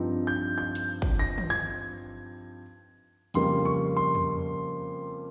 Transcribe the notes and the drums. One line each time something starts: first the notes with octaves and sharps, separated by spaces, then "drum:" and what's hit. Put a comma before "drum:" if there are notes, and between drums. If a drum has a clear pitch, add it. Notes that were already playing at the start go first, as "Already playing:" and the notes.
Already playing: G2 F3 C4 D#4
G6
G6
drum: hi-hat
drum: kick
A#6
drum: tom
G#6
F2 C#3 G3 A#3 C6, drum: hi-hat
C#6
C6
drum: tom E2